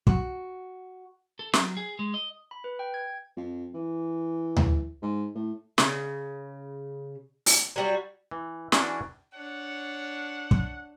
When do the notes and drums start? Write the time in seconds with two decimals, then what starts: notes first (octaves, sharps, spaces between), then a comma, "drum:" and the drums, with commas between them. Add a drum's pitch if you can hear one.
0.07 F#4, drum: kick
1.39 A4
1.53 F#3, drum: snare
1.77 G#4
1.99 G#3
2.14 D#5
2.51 B5
2.64 B4
2.79 G5
2.94 G#6
3.37 F2
3.74 E3
4.57 drum: tom D2
5.02 G#2
5.35 A2
5.78 C#3, drum: snare
7.46 drum: open hi-hat
7.76 F#3 G3 F#4
8.31 E3
8.72 E3 C#4 D4 F#4 G#4 D5, drum: snare
9.34 D4 C#5 F#5
10.51 drum: kick